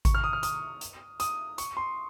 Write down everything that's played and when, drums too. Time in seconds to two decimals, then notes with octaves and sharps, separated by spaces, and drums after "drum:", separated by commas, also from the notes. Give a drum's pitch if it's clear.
0.05 C#6, drum: kick G#1, hi-hat
0.15 F6
0.24 D#6
0.33 F6
0.43 D#6, drum: hi-hat
0.81 drum: hi-hat
1.20 D#6, drum: hi-hat
1.58 C#6, drum: hi-hat
1.77 C6